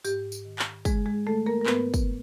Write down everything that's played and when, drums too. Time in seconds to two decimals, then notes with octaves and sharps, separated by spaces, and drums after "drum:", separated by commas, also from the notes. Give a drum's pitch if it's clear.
0.05 G#2 G4, drum: tambourine
0.32 drum: tambourine
0.45 D#3
0.59 drum: clap
0.85 G#2 G#3 G#4, drum: kick, tambourine
1.06 G#3 G#4
1.26 D#3 A3 A4
1.46 A#3 A#4
1.61 A#4
1.66 G#2 B3 B4, drum: clap
1.94 drum: kick, tambourine